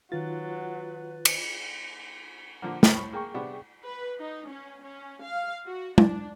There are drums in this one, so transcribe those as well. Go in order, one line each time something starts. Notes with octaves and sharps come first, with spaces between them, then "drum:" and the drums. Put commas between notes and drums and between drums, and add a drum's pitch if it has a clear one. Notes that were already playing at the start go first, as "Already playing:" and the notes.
D#3 F#3 F4 B4 A6
drum: cymbal
D3 F3 A#3 F#5
A2 G5 B5 C#6, drum: snare
A#3 G#4 G5 C#6
C3 B3 D4
B4
D#4
C#4
C#4
F5
F#4
D4, drum: tom G#3